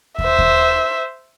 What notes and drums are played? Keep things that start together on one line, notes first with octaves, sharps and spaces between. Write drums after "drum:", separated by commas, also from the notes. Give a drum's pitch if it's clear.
C5 E5, drum: kick
drum: kick